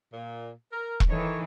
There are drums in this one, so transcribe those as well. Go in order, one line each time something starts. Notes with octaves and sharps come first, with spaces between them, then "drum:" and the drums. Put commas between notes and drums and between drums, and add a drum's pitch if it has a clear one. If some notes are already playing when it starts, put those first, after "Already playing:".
A#2
A#4
drum: kick E1
D#3 E3 A4 C#5